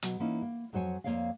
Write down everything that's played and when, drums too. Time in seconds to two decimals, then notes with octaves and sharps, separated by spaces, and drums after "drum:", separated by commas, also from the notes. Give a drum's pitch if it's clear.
0.03 B2 F#3, drum: hi-hat
0.20 E3 A#3 C#4 D#4 E4
0.42 A#3
0.73 F2 F#3 C5 C#5 G#5
1.04 F2 G3 A#3 C#5 D5 F5